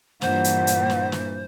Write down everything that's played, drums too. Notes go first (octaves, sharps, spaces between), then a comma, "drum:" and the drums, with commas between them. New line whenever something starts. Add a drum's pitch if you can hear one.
G2 A#2 E3 C5 F#5, drum: snare
drum: hi-hat
drum: hi-hat
drum: snare
drum: snare